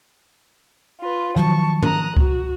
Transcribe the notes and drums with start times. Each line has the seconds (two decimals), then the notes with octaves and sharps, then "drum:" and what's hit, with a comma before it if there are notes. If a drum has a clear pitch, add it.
1.00 F4 B4
1.36 D#3 F3 F#3 A5 C#6, drum: hi-hat
1.82 A#5 D#6 F#6, drum: tom G#2
2.17 F#4, drum: kick C#2